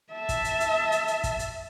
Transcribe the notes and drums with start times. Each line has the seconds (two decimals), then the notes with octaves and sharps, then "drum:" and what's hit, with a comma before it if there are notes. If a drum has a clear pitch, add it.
0.13 E5 A5
0.29 drum: kick, hi-hat
0.45 drum: hi-hat
0.60 drum: hi-hat
0.92 drum: hi-hat
1.08 drum: hi-hat
1.24 drum: kick, hi-hat
1.39 drum: hi-hat